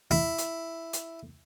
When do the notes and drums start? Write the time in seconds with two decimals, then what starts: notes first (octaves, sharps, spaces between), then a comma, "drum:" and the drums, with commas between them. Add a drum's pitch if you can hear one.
0.11 E4
0.38 drum: hi-hat
0.93 drum: hi-hat